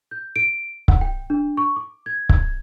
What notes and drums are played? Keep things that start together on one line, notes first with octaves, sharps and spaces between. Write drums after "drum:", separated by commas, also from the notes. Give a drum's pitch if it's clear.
G6
D7
F#5, drum: kick C#1
G5
D4
C#6
D6
G#6
drum: kick C#1